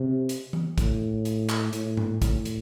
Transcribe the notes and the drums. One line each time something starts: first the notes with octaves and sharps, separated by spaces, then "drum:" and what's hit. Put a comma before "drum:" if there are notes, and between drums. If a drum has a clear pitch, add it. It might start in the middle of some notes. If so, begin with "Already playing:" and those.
Already playing: C3
drum: hi-hat
drum: tom E3
A2, drum: kick A1, hi-hat
drum: hi-hat
drum: clap
A2, drum: hi-hat
drum: tom G#2
A2, drum: kick A1, hi-hat
drum: hi-hat